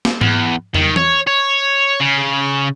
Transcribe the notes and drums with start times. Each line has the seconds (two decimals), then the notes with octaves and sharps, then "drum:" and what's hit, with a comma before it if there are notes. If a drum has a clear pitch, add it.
0.05 drum: snare
0.21 E2, drum: tom G#2
0.74 D#3, drum: tom
0.96 C#5, drum: tom
1.27 C#5
2.01 C#3